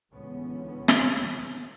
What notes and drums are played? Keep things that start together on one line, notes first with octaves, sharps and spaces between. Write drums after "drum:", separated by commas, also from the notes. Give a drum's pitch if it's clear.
C#2 A2 D3 E3 B3 C#4
drum: snare